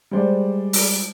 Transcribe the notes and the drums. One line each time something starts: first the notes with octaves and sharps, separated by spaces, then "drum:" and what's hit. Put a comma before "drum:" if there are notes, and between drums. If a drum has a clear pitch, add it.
G3 G#3 C5 D5
drum: open hi-hat